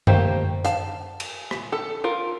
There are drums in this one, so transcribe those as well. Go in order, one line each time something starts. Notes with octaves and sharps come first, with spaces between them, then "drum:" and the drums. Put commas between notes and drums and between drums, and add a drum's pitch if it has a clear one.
A3 A#3 G4 C5 D#5, drum: tom F#2
F5 A5, drum: hi-hat
drum: cymbal
drum: rim click
A4
F4 A#4